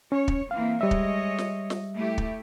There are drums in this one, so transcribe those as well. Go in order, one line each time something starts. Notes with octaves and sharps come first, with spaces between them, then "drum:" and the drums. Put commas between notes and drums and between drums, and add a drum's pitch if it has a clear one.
C#4 C#5
drum: kick
E3 A#3 C4 F5
G3 G#3 C#5 D#5 E5
drum: kick
drum: snare
drum: snare
A3 E4 G4
drum: kick